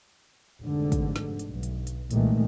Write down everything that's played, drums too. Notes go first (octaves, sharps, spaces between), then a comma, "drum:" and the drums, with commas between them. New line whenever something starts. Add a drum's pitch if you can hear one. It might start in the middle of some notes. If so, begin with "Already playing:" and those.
F1 G#2 D3
drum: kick, hi-hat
drum: snare
drum: hi-hat
B1
drum: hi-hat
drum: hi-hat
C2 A#2 D#3 E3 G#3 A3, drum: hi-hat